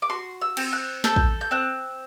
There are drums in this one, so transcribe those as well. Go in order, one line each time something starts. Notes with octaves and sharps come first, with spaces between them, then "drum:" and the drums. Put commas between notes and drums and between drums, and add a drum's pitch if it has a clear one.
D6
F#4 C6
E6
C4, drum: cymbal
F#6
A4 G6, drum: snare
drum: kick
G6
C4 F#6